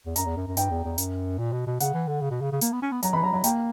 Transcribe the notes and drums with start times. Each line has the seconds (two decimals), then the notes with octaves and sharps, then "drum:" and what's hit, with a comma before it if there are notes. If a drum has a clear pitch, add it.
0.06 E2
0.16 F#2 A#5, drum: hi-hat
0.26 E2
0.37 F#2
0.47 F#2
0.57 G2 G5, drum: hi-hat
0.70 E2
0.84 E2
0.98 F#2, drum: hi-hat
1.39 A#2
1.52 B2
1.67 B2
1.80 C#3 F#5, drum: hi-hat
1.94 E3
2.07 D3
2.21 C#3
2.31 B2
2.41 C#3
2.52 C#3
2.61 A#3, drum: hi-hat
2.72 B3
2.82 C#4
2.92 B3
3.03 F#3 A#5, drum: hi-hat
3.13 E3 B5
3.23 F#3 A#5
3.33 F#3 A#5
3.44 A#3 G5, drum: hi-hat